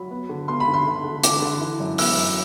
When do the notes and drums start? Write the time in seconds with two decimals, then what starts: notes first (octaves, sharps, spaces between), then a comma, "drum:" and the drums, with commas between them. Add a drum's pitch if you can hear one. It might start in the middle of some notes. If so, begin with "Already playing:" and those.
Already playing: F#3 B5
0.11 B3
0.29 D3
0.48 B3 C6
0.60 B5
0.68 D3
0.74 C6
0.86 D3
1.04 D3
1.23 D3 D6, drum: hi-hat
1.42 D3
1.60 E3
1.80 F#2
1.98 B3 E6, drum: open hi-hat
2.16 F#2